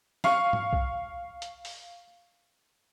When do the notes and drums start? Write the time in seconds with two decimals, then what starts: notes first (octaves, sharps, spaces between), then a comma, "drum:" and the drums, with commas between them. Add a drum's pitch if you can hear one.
0.24 F5 C#6, drum: snare
0.53 drum: tom G#2
0.73 drum: kick B1
1.42 drum: hi-hat
1.65 drum: open hi-hat